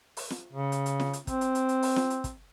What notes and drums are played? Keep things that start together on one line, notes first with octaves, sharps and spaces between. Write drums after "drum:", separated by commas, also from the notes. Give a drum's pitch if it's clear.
drum: open hi-hat
drum: snare
C#3
drum: hi-hat
drum: hi-hat
drum: snare
drum: hi-hat
C4, drum: kick, hi-hat
drum: hi-hat
drum: hi-hat
drum: hi-hat
drum: open hi-hat
drum: snare
drum: hi-hat
drum: kick, hi-hat